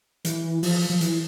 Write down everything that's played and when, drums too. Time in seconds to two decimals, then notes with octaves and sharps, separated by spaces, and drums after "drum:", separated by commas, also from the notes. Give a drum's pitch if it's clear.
0.25 E3, drum: hi-hat
0.63 F3, drum: open hi-hat
0.90 F3
1.01 E3, drum: hi-hat